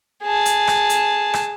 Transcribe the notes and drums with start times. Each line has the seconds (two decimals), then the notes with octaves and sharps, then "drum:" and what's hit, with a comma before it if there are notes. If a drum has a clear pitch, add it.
0.23 G#4 A5
0.45 drum: hi-hat
0.68 drum: rim click
0.90 drum: hi-hat
1.34 drum: rim click